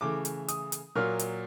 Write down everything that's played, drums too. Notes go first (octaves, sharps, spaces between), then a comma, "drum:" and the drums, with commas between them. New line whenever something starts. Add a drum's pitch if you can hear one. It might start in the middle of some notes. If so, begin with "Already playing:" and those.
C#3 E3 A3 D6
drum: hi-hat
D#6, drum: hi-hat
drum: hi-hat
A#2 F#3 A#3 F6
drum: hi-hat